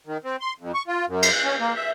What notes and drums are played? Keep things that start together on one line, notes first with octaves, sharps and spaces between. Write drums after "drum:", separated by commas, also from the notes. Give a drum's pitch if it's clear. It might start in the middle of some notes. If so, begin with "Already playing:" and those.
D#3
C4
C6
F2
C#6
F4
F#2
drum: cymbal
F#6
C#4
A#3
E5